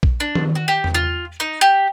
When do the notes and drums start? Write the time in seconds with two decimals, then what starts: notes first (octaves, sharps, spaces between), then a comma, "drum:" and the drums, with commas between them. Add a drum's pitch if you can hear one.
0.03 drum: kick A#1
0.20 D4
0.35 drum: tom D#3
0.55 F#4
0.68 G4
0.84 drum: tom E2
0.94 F4
1.40 D#4
1.61 G4